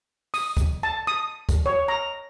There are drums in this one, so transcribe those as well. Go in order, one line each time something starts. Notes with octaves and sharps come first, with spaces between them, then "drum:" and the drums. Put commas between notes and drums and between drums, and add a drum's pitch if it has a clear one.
D#6, drum: open hi-hat
drum: kick, hi-hat
A5
D#6
drum: kick, hi-hat
C#5
A#5